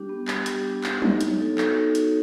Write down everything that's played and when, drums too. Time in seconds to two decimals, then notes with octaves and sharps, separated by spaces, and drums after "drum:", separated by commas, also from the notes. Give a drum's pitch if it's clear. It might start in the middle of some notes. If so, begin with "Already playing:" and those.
Already playing: G3 D4 G4
0.09 B3
0.28 G3, drum: clap
0.46 G4, drum: hi-hat
0.65 D4
0.84 B3, drum: clap
1.02 D#4, drum: tom F#3
1.21 C#5, drum: hi-hat
1.39 A4
1.58 F#4, drum: clap
1.77 D#4
1.95 C#5, drum: hi-hat